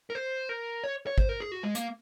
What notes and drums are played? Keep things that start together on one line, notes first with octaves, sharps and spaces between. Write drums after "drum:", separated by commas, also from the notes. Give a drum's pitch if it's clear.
A#4
C5
A#4
C#5
C#5
C5, drum: kick
A#4
G#4
F#4
G#3
A#3, drum: hi-hat